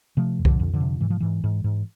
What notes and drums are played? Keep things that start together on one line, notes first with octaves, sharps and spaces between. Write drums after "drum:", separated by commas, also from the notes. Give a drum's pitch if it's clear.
C3 F3 A3
F2
D3 F3, drum: kick C2
F2
D3 F3
C3
G#2 E3
F3
G#2 E3
G#2
G#2